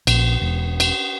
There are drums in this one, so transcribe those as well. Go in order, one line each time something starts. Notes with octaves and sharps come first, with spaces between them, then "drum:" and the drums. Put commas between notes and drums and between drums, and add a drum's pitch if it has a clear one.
A#1, drum: cymbal
E1
drum: cymbal